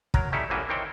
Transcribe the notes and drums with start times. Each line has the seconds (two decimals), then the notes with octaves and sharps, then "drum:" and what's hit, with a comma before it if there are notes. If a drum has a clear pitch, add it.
0.14 F#3 A#4 A#5, drum: kick
0.32 G3 A3 C#4 D#4 E4
0.50 C2 F#2 A2 E3 A#3 G#5
0.69 D#3 E3 C4 C#5 G5